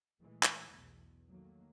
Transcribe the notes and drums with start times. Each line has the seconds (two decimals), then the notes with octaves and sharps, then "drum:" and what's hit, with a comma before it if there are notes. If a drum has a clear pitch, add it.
0.19 A#2 E3 G#3 A3
0.43 drum: clap
0.69 B1 E2 B2
1.29 D#3 F#3 A3 A#3